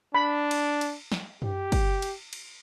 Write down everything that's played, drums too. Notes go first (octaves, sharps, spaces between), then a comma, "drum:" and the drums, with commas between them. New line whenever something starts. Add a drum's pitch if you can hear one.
D4 B5
drum: cymbal
drum: cymbal
drum: snare
G4, drum: tom F#2
drum: kick, cymbal
drum: cymbal
drum: cymbal